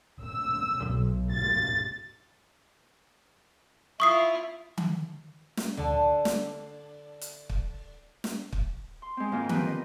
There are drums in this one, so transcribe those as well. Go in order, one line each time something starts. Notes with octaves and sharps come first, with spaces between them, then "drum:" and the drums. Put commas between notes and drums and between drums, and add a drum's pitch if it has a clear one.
E6
B1
A6
E4 F4 C#6 D#6 C7
drum: tom D#3
drum: snare
D3 D4, drum: tom D2
drum: snare
drum: hi-hat
drum: kick
drum: snare
drum: kick
C6
G#3 C4
F2 G#2 D#3 A#3 C4 F4
D#3 B3 C4 D#4 G4 B4, drum: tom D#3
C4 D#5